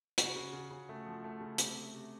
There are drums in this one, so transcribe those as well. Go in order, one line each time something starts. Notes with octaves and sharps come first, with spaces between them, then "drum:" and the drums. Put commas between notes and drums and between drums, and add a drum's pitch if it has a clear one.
C#3 F#4 F#5, drum: hi-hat
C#3
C#3
C#3
A3
F3
A3
C#3
C3, drum: hi-hat
C3
C3